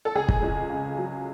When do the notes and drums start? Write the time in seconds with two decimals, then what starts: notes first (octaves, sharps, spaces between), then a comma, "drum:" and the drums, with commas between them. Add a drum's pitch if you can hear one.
0.05 A4
0.15 C#2 G#4
0.29 drum: kick
0.42 C#2
0.70 C#3
0.97 F#3